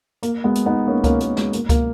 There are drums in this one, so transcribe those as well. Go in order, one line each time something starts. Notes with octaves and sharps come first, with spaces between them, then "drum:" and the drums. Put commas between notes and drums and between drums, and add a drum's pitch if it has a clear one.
A#3, drum: hi-hat
G#3 B3
drum: hi-hat
B3 D#4
A#3 C#4
A#3 C#4, drum: kick C#2, hi-hat
A#3, drum: hi-hat
G#3, drum: snare
A#3, drum: hi-hat
A#3, drum: kick C#2, hi-hat